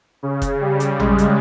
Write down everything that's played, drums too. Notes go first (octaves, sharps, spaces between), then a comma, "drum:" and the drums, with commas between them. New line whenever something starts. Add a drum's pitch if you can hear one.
C#3
drum: kick F1, hi-hat
G3
drum: hi-hat
G#3, drum: tom A1
drum: hi-hat